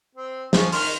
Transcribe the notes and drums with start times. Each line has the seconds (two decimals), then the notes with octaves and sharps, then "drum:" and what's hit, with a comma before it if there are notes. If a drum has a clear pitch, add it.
0.15 C4
0.53 F3 C#4, drum: snare
0.72 D#3 C6 F6, drum: open hi-hat